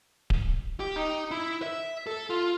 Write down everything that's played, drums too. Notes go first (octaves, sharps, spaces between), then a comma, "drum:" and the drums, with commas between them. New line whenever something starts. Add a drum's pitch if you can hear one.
drum: kick D1
G4
D#4
E4
E5
A4
F4